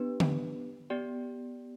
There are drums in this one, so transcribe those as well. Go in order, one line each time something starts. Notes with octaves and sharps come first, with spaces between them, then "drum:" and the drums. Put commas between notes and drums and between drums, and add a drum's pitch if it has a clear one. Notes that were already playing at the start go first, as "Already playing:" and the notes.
Already playing: B3 D4 G4 B4
drum: tom D3
B3 G4 D5 G5